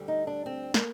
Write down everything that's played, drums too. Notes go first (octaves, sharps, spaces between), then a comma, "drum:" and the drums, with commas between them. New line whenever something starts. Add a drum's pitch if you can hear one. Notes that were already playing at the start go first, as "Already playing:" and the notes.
Already playing: D2 D3 G3
D#4
D4
C4
A#3, drum: snare